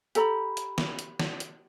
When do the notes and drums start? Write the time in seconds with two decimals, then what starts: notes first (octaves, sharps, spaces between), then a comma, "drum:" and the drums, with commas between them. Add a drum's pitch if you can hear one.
0.15 G4 A4 A#5 B5, drum: hi-hat
0.57 drum: hi-hat
0.78 drum: snare
0.99 drum: hi-hat
1.19 drum: snare
1.40 drum: hi-hat